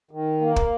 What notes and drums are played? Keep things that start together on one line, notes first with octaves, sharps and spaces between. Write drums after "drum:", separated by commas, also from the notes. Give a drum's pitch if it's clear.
D#3
A#3
drum: kick